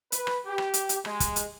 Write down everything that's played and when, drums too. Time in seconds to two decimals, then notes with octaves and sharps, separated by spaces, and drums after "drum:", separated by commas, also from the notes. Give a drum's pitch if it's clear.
0.12 B4, drum: hi-hat
0.27 drum: rim click
0.46 G4
0.58 drum: rim click
0.74 drum: hi-hat
0.89 drum: hi-hat
1.05 G#3, drum: rim click
1.20 drum: kick, hi-hat
1.36 drum: hi-hat